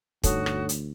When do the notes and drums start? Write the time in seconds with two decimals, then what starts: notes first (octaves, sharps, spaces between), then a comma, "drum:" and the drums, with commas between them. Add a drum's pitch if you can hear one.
0.24 D2 G2 D#4 F#4 A4 C#5 D#6, drum: kick, hi-hat
0.46 drum: rim click
0.69 drum: hi-hat